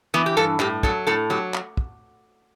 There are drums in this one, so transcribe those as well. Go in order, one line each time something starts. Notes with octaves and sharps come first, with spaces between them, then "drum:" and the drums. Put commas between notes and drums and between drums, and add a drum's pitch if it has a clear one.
E3 B3
G4
G2 A4
A2 G4, drum: clap
F#3 A4, drum: kick
A2 A4
F#3 G4
drum: clap
drum: kick